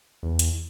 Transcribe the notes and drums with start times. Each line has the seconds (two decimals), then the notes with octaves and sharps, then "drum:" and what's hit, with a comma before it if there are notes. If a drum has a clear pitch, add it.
0.23 E2
0.39 drum: hi-hat